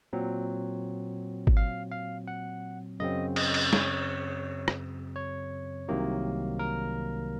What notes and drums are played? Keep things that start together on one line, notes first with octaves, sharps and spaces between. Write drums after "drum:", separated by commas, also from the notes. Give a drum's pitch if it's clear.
A#2 F#3 C4
drum: kick G#1
F5
F5
F#5
F#2 C#3 F#3 C4 D#5
D#5, drum: cymbal
drum: cymbal
C#5, drum: snare
drum: rim click
C#5
C2 C3 D#3 F#3 A#3
A#4